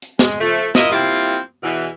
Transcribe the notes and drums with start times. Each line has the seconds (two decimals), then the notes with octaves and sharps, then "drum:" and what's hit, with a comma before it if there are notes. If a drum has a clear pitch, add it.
0.02 drum: hi-hat
0.19 G#3, drum: snare
0.39 F3 A3
0.75 E4 F4 A#4 D#5, drum: snare
0.91 G3 A#3 C4 E4 F4
1.63 E2 B2 E3